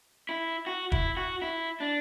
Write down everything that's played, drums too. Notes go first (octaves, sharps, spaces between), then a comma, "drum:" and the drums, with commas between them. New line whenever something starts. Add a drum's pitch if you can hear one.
E4
F#4
E4, drum: kick
F#4
E4
D4